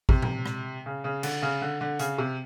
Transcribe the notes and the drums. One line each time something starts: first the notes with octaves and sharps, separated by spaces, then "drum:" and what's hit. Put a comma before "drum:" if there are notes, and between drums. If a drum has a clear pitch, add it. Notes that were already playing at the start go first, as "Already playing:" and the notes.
C3, drum: kick
drum: tom A2
drum: rim click
C#3
C#3
D3, drum: cymbal
C#3
D3
D3
C#3, drum: hi-hat
C3